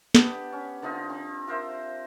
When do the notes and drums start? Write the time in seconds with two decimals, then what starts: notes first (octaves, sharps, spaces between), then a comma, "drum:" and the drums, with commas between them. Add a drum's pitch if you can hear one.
0.15 B3 D4 G4, drum: snare
0.52 C#4
0.82 D3 C4 D#4 F4
1.10 C4
1.47 F4 A#4 C5 E5